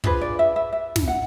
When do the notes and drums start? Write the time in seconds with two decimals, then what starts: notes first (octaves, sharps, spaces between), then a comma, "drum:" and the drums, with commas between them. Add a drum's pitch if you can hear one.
0.04 D4 F4 G#4 B4 C5, drum: kick
0.21 D5
0.39 E5
0.56 E5
0.73 E5
0.96 drum: snare
1.08 F#5